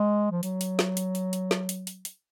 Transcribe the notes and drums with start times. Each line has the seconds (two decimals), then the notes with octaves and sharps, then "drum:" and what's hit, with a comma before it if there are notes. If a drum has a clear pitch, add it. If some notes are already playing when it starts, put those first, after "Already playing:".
Already playing: G#3
0.31 F3
0.43 F#3, drum: hi-hat
0.61 drum: hi-hat
0.79 drum: snare
0.97 drum: hi-hat
1.15 drum: hi-hat
1.33 drum: hi-hat
1.51 drum: snare
1.69 drum: hi-hat
1.87 drum: hi-hat
2.05 drum: hi-hat